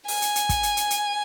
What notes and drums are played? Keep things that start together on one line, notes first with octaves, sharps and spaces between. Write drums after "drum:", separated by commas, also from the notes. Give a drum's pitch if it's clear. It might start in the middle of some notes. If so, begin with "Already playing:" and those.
G#5, drum: open hi-hat
drum: hi-hat
drum: hi-hat
drum: kick, hi-hat
drum: hi-hat
drum: hi-hat
drum: hi-hat